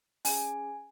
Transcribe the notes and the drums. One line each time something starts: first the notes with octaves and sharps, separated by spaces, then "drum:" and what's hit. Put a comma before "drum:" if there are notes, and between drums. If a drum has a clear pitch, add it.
C#4 G#4 G#5, drum: open hi-hat